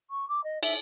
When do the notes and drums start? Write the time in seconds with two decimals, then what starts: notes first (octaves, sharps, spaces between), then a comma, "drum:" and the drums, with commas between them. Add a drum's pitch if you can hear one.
0.11 C#6
0.29 D6
0.44 D#5
0.63 E5, drum: cymbal